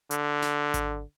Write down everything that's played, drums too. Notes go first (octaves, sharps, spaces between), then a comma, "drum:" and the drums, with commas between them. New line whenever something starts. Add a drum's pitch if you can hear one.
D3, drum: hi-hat
drum: snare
drum: kick G#1, hi-hat